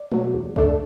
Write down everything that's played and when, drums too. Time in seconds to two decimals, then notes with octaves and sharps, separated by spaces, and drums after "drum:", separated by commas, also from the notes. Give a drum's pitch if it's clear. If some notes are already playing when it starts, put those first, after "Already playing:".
Already playing: D5
0.12 B2 F#3, drum: tom G#3
0.34 E2
0.56 D3 A3 D4 A4, drum: kick